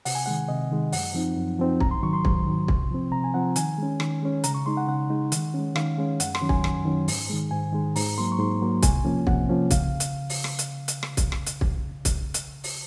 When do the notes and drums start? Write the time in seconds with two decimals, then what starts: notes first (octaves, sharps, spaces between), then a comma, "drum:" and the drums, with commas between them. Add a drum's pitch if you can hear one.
0.05 C3 F#5, drum: open hi-hat
0.15 G#5
0.26 D#3 G#3 F#5
0.48 C3 D#5
0.71 D#3 G#3
0.92 F#2 F#5, drum: open hi-hat
1.14 F3 C4 D#4
1.37 F#2
1.59 F3 C4 D#4
1.80 G#2 A#5, drum: kick
1.91 C6
2.03 D#3 F#3 C#6
2.13 C6
2.25 G#2, drum: kick
2.46 D#3 F#3
2.68 C3, drum: kick
2.91 F3 C4
3.12 C3 A#5
3.24 G#5
3.34 F3 C4 F#5
3.56 D#3 G#5, drum: hi-hat
3.78 G#3 C#4
4.00 D#3, drum: rim click
4.22 G#3 C#4
4.44 C#3 A#5, drum: hi-hat
4.55 C#6
4.66 G#3 D#4 C6
4.77 F#5
4.87 C#3 F#5
5.10 G#3 D#4
5.32 D#3, drum: hi-hat
5.54 G#3 C#4
5.76 D#3 F5, drum: rim click
5.98 G#3 C#4
6.20 F#2 F#5, drum: hi-hat
6.35 C6, drum: rim click
6.41 D#3 F#3 C#4
6.49 G#5, drum: kick
6.64 F#2, drum: rim click
6.85 D#3 F#3 C#4
7.08 G#2, drum: open hi-hat
7.30 D#3 G#3
7.51 G#2 G#5
7.73 D#3 G#3
7.96 G#2 A#5, drum: open hi-hat
8.18 F#3 A#3 C6
8.32 C#6
8.39 G#2 C6
8.62 F#3 A#3
8.83 C3 G#5, drum: kick, hi-hat
9.05 F3 A#3 C#4
9.27 C3 F#5, drum: kick
9.49 F3 A#3 C#4
9.71 C#3 F5, drum: kick, hi-hat
10.00 drum: hi-hat
10.29 drum: open hi-hat
10.44 drum: rim click
10.59 drum: hi-hat
10.88 drum: hi-hat
11.03 drum: rim click
11.17 drum: kick, hi-hat
11.32 drum: rim click
11.47 drum: hi-hat
11.61 drum: kick
12.05 drum: kick, hi-hat
12.34 drum: hi-hat
12.64 drum: open hi-hat